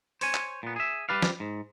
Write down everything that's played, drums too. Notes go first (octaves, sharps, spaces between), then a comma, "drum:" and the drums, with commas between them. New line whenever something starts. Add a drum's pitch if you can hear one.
C5 C#5 G#5, drum: open hi-hat
drum: clap
A#2 B3
G#4 E5
G3 G4 B4 D5 F5
drum: snare
G#2